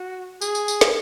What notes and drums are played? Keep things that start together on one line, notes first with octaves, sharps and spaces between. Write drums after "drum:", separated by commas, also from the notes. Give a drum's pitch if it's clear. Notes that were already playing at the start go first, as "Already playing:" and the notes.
Already playing: F#4
G#4, drum: tambourine
drum: tambourine
drum: tambourine
drum: snare